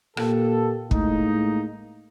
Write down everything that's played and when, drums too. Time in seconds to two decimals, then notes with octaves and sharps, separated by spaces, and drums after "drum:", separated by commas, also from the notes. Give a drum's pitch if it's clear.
0.17 A#2 A#3 G4 A4, drum: rim click
0.91 A2 G#3 A#3 D#4, drum: kick